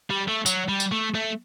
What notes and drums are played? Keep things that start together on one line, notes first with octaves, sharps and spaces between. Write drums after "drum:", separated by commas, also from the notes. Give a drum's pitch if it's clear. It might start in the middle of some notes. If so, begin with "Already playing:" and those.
G3
A3
F#3, drum: tambourine
G3
drum: tambourine
A3
A3